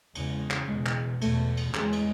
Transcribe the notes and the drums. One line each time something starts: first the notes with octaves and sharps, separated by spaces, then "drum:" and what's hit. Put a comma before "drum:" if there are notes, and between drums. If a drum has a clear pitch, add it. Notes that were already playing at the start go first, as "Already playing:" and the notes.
E2 C#3 G#3, drum: cymbal
drum: clap
E2 B2 G#3
drum: clap
E2 B2 A3, drum: cymbal
drum: cymbal
E2 C#3 G#3, drum: clap
drum: cymbal